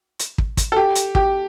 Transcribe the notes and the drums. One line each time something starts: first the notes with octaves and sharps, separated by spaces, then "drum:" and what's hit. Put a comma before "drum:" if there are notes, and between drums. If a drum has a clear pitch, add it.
drum: hi-hat
drum: kick
drum: kick, hi-hat
A4
G4
drum: hi-hat
G4, drum: kick